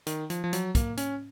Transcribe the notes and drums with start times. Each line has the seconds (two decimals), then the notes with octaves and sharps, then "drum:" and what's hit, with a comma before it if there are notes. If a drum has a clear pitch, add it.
0.07 D#3, drum: hi-hat
0.30 F3, drum: hi-hat
0.44 F3
0.53 F#3, drum: hi-hat
0.75 A#3, drum: kick, hi-hat
0.97 C#4, drum: hi-hat